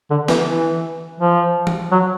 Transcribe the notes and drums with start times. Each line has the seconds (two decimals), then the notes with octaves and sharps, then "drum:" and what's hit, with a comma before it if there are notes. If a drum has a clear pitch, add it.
0.11 D3
0.28 E3, drum: snare
0.47 E3
1.20 F3
1.67 drum: tom E3
1.92 F#3